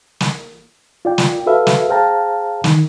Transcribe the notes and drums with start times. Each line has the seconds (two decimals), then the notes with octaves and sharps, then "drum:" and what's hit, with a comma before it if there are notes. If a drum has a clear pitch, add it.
0.20 drum: snare
1.05 F4 D5 G5
1.18 drum: snare
1.46 F#4 A4 B4 E5 F5
1.67 drum: snare
1.89 G#4 C5 F5 G5 A5 A#5
2.64 D#3, drum: snare